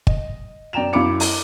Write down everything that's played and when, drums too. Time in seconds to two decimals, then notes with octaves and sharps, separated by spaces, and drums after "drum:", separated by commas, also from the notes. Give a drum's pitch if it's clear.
0.07 D#5, drum: kick
0.73 F#2 D5 G5 A#5 E7 F7
0.93 F#2 E4 F5 B5 D6 C#7
1.20 drum: open hi-hat